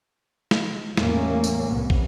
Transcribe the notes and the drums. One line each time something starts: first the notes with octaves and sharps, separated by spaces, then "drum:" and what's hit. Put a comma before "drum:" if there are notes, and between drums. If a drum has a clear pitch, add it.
drum: snare
E2 A2 G3 A#3 C#4, drum: snare
drum: tambourine
C2 C3 B3
drum: kick